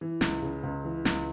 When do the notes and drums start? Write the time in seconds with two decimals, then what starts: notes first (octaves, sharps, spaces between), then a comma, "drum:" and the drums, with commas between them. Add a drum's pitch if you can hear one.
0.01 E3
0.21 C#2, drum: snare
0.42 C#3
0.63 C#2
0.84 E3
1.05 C#2, drum: snare